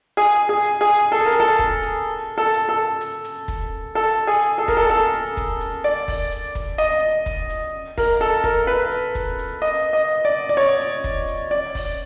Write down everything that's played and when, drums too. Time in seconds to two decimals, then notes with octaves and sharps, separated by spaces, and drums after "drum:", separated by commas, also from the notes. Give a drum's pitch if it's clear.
0.17 G#4
0.49 G#4
0.65 drum: hi-hat
0.81 G#4
1.12 A4, drum: hi-hat
1.26 A#4
1.40 A4
1.59 drum: kick
1.83 drum: hi-hat
2.38 A4
2.54 drum: hi-hat
2.69 A4
3.01 drum: hi-hat
3.24 drum: hi-hat
3.48 drum: kick, hi-hat
3.95 A4
4.27 G#4
4.43 drum: hi-hat
4.58 A4
4.68 A#4, drum: kick, hi-hat
4.77 A4
4.90 A4, drum: hi-hat
5.13 drum: hi-hat
5.37 drum: kick, hi-hat
5.61 drum: hi-hat
5.84 D5
6.08 drum: kick, open hi-hat
6.32 drum: hi-hat
6.55 drum: kick, hi-hat
6.78 D#5, drum: hi-hat
7.26 drum: kick, hi-hat
7.50 drum: hi-hat
7.98 A#4, drum: kick, open hi-hat
8.21 A4, drum: hi-hat
8.44 A#4, drum: kick, hi-hat
8.67 B4
8.91 drum: hi-hat
9.15 drum: kick, hi-hat
9.39 drum: hi-hat
9.62 D#5
9.93 D#5
10.25 D5
10.49 D5
10.57 C#5, drum: hi-hat
10.80 drum: hi-hat
11.04 drum: kick, hi-hat
11.28 drum: hi-hat
11.51 D5
11.75 drum: kick, open hi-hat